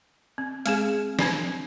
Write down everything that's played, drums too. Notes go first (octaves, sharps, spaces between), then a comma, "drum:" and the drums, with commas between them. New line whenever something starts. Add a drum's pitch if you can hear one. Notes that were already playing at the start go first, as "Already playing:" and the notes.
C4
G#3 C4 G#4, drum: hi-hat
C4 D4, drum: snare